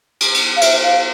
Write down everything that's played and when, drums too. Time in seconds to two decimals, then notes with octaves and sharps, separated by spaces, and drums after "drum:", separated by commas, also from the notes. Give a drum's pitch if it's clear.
0.20 drum: cymbal
0.34 drum: cymbal
0.57 F5
0.61 E5, drum: cymbal
0.83 F5